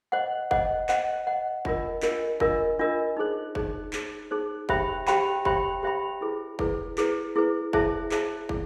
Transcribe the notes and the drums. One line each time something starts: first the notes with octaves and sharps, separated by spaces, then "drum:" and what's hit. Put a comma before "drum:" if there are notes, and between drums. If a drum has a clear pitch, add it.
C5 D#5 F#5
C5 D#5 F#5, drum: kick
C5 D#5 F#5, drum: clap
C5 D#5 F#5
D4 F4 A#4 D#5, drum: kick
D4 F4 A#4 D#5, drum: clap
D4 F4 A#4 D#5, drum: kick
D4 F4 A#4 D#5
D#4 G#4 C5
D#4 G#4 C5, drum: kick
D#4 G#4 C5, drum: clap
D#4 G#4 C5
G4 C5 E5 G5 B5, drum: kick
G4 C5 E5 G5 B5, drum: clap
G4 C5 E5 G5 B5, drum: kick
G4 C5 E5 G5 B5
E4 G#4 B4
E4 G#4 B4, drum: kick
E4 G#4 B4, drum: clap
E4 G#4 B4
E4 G#4 C5 E5 A5, drum: kick
E4 G#4 C5 E5 A5, drum: clap
E4 G#4, drum: kick